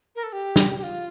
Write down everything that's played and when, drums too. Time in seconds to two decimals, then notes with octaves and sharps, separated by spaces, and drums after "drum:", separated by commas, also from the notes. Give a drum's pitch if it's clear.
0.16 A#4
0.23 A4
0.33 G4
0.56 drum: snare
0.78 G4
0.83 F4